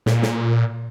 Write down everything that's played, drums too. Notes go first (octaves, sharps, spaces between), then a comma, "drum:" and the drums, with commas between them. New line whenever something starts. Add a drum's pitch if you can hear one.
A#2, drum: snare
drum: snare